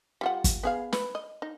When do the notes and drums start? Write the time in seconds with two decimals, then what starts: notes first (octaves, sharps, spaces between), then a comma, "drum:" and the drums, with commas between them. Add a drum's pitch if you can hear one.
0.21 G3 F4 F#5
0.44 drum: kick, hi-hat
0.63 B3 G#4 F5
0.93 B4, drum: snare
1.15 D#5
1.42 D#4